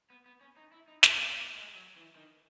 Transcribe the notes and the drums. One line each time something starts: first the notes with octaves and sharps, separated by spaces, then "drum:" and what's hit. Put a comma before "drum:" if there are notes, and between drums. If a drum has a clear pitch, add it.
B3
B3
C#4
D#4
E4
D#4
C#4, drum: snare
A#3
B3
A#3
G#3
F#3
E3
D#3